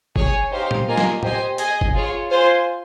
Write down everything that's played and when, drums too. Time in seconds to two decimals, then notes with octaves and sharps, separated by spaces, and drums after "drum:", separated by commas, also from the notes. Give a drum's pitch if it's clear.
0.16 G#4 C#5 G#5, drum: kick
0.51 D#4 G4 C5 F5
0.71 drum: tom A#2
0.87 A#3 F4 A#4 D#5 G#5
0.98 drum: snare
1.23 G4 C5 D#5 G#5, drum: tom
1.58 G#4 D#5 G#5, drum: hi-hat
1.81 drum: kick
1.94 F4 G#4 C#5
2.30 F4 C5 F5 G#5